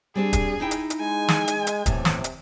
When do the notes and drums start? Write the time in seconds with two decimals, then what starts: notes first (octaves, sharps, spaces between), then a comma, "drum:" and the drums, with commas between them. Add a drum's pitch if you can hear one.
0.15 G3 C4 D4 G#4
0.33 drum: kick, hi-hat
0.60 D#4 E4 G5
0.71 drum: hi-hat
0.90 drum: hi-hat
1.00 G#3 G#5
1.28 drum: snare
1.48 drum: hi-hat
1.67 drum: hi-hat
1.86 E2 A2 C3, drum: kick, hi-hat
2.05 drum: snare
2.24 drum: hi-hat